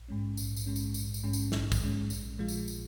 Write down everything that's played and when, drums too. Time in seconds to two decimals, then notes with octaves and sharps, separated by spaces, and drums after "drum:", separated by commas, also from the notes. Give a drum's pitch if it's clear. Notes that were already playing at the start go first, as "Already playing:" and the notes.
Already playing: A#1
0.08 G#2 G#3 C#4
0.37 A#1, drum: tambourine
0.57 drum: tambourine
0.66 G#2 G#3 C#4
0.76 drum: tambourine
0.94 A#1, drum: tambourine
1.14 drum: tambourine
1.23 G#2 G#3 C#4
1.33 drum: tambourine
1.52 A#1, drum: snare
1.72 drum: kick, tambourine
1.81 G#2 G#3 C#4
2.10 A#1, drum: tambourine
2.38 A#2 F3 G#3 F4
2.48 drum: tambourine
2.68 drum: tambourine